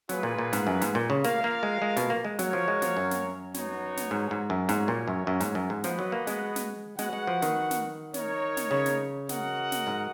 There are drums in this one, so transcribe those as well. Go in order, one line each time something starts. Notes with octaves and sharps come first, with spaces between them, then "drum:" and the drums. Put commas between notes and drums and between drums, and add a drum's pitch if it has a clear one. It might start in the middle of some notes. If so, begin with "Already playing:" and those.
F#3 F4 G#4 B4, drum: snare
A#2
A#2
G#2, drum: snare
F#2
G#2, drum: snare
A#2
C#3
A#3 F4 A#4 F5, drum: snare
A#3
G#3
G#3
B2, drum: snare
A#3
G#3
F#3 F#4 A#4 C#5 F5, drum: snare
F3
G#3
F3, drum: snare
F#2
drum: snare
B3 D#4 F#4 C#5, drum: snare
drum: snare
G#2
G#2
F#2
G#2 A#3 C#4 F#4 C#5, drum: snare
A#2
F#2
F#2
G#2, drum: snare
F#2
G#2
F3 B3 F#4 B4 D#5 F#5, drum: snare
F#3
A#3
G#3, drum: snare
drum: snare
G#3 F#4 B4 F#5, drum: snare
G#3
F3
D#3, drum: snare
drum: snare
D#4 A#4 C#5, drum: snare
drum: snare
C#3
drum: snare
F#4 A#4 D#5 F#5, drum: snare
drum: snare
G#2